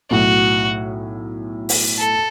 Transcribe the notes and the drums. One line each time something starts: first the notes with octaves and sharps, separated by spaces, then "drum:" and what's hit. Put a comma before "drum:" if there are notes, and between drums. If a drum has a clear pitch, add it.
B1 A2 F#3 F#4
drum: open hi-hat
A4